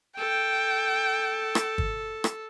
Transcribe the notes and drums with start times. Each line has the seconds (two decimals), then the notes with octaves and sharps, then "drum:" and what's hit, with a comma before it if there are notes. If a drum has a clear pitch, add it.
0.18 A4 G5
1.55 drum: rim click
1.78 drum: kick
2.24 drum: rim click